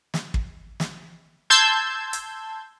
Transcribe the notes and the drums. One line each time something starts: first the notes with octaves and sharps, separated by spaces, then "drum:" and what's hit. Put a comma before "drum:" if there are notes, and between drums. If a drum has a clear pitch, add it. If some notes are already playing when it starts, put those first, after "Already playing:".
drum: snare
drum: kick
drum: snare
A5 C6 E6 G6 G#6
drum: hi-hat